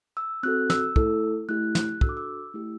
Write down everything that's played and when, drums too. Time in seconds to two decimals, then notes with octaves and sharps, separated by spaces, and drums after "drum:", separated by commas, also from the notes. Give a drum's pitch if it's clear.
0.17 E6
0.43 C4 F#4 A4 F#6
0.70 E6, drum: snare
0.96 A3 E4 A4, drum: kick
1.48 A3 E4 G4 F#6
1.75 F#6, drum: snare
2.01 D4 F#4 A4 E6, drum: kick
2.09 D6
2.17 E6
2.54 A3 E4 G4